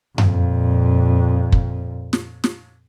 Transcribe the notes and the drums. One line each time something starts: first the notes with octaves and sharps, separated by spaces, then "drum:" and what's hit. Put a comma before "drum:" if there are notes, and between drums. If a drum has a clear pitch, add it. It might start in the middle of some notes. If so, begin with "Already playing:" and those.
F2 A#2, drum: tom F#2
drum: kick
drum: snare
drum: snare